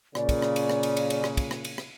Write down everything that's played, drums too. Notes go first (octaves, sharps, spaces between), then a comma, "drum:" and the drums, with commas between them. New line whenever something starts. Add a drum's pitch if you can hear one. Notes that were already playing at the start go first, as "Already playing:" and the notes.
A#2 C#3 D5, drum: rim click
drum: kick, cymbal
drum: rim click
drum: cymbal
drum: rim click
drum: cymbal
drum: cymbal
drum: cymbal
drum: rim click
drum: kick, cymbal
drum: rim click
drum: cymbal
drum: rim click